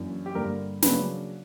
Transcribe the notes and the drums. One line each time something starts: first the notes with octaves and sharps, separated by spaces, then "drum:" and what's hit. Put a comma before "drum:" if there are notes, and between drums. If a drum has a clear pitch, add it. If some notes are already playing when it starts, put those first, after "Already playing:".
Already playing: F#2 E3 A#3 D4
G4
G2 D3 G3 A#3 D4 A#4
C#3 F#3 A#3 D4 B4, drum: snare